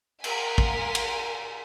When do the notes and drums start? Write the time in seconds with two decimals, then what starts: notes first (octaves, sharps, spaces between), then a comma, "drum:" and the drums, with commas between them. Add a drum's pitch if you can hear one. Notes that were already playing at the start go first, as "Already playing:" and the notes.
0.24 A#4 F5 F#5 G#5 C6 B6, drum: cymbal
0.58 drum: kick
0.95 drum: cymbal